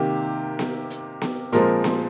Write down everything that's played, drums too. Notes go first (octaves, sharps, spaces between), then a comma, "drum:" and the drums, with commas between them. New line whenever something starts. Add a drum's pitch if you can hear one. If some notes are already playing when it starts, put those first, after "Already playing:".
Already playing: C3 D#3 A#3 G4
drum: snare B3
drum: hi-hat
drum: snare B3
A#2 F3 G#3 C4 A#4, drum: hi-hat
drum: snare B3